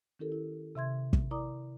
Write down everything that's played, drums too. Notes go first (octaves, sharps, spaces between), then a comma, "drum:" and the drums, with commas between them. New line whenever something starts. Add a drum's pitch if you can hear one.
D#3 C#4 E4 G4 A4 A#4
E4
C3 E5 C6 G#6
drum: kick
E4 A#4 D5 A#5 D6 D#6